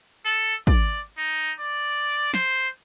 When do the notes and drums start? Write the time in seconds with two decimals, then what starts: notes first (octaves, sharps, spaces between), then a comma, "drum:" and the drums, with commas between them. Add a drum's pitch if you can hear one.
0.25 A4
0.67 D5, drum: kick
1.18 D#4
1.60 D5
2.34 C5, drum: snare